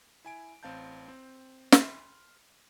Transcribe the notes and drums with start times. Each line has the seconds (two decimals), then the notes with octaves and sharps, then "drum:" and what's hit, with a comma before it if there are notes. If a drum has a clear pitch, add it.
0.25 E4 G#5 D7
0.63 A1 C4 F5 A5 G6
1.08 C4
1.72 B5 C6 F6, drum: snare